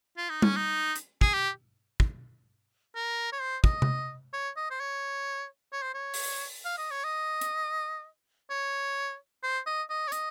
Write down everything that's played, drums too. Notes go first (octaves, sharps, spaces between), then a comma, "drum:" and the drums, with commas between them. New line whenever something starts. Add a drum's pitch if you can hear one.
F4
D#4
C#4, drum: tom G3
D#4
drum: hi-hat
G#4, drum: kick
G4
drum: kick
A#4
C#5
C5
D#5, drum: kick
drum: tom C3
C#5
D#5
C5
C#5
C#5
C5
C#5
drum: open hi-hat
F5
D#5
C#5
D#5
drum: hi-hat
C#5
C5
D#5
D#5
C#5
D#5, drum: hi-hat